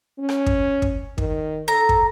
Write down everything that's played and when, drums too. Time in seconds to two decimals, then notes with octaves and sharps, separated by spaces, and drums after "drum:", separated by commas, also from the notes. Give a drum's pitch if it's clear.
0.19 C#4
0.29 drum: rim click
0.46 drum: kick
0.82 drum: kick
1.18 D#3, drum: kick
1.68 A4 A#5
1.89 drum: kick